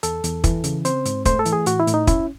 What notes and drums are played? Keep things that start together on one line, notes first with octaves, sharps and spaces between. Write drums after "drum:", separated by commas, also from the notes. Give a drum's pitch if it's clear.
E2 A4, drum: hi-hat
E2, drum: hi-hat
E3, drum: kick, hi-hat
C#3, drum: hi-hat
C4 C5, drum: hi-hat
G#2, drum: hi-hat
A3 C5, drum: kick, hi-hat
A4
E3, drum: hi-hat
G#4
A2 F#4, drum: hi-hat
E4
A2, drum: hi-hat
D#4
C#4 E4, drum: kick, hi-hat